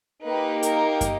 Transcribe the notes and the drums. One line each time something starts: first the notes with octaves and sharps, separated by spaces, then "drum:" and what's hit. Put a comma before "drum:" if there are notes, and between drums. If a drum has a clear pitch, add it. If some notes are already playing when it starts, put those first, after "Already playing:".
A#3 D#4 G4 B4
A#4, drum: hi-hat
drum: kick, hi-hat